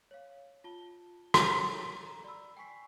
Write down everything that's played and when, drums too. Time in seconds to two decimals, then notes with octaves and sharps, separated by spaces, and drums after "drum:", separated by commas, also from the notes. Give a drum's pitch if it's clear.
0.11 C#5 F5
0.64 F4 A5 G7
1.34 drum: rim click
1.43 A4 A#4 C#5
2.06 A#5
2.24 D5 B5 E6
2.57 G5 G#5 C#6 B6 C7